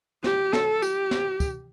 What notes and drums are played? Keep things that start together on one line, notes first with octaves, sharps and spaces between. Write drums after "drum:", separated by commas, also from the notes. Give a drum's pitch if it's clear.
G4, drum: snare
A4, drum: snare
G4, drum: tambourine
drum: snare
drum: kick, tambourine